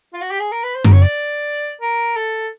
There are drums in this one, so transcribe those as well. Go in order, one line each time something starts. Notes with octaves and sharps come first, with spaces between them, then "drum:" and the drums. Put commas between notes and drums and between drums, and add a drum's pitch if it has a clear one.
F4
F#4
G4
G#4
A#4
B4
C5
A#4, drum: tom F#2
C#5
D5
A#4
A4